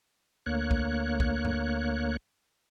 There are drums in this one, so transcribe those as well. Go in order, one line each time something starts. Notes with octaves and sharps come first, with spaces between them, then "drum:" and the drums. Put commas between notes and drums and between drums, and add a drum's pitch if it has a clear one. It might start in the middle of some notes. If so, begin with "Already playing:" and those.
D2 A#3 C#5 F#6
drum: kick B1
drum: kick B1
drum: tom G2